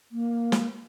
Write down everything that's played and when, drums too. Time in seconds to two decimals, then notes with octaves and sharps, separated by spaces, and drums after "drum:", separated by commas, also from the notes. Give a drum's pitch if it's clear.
0.11 A#3
0.52 drum: snare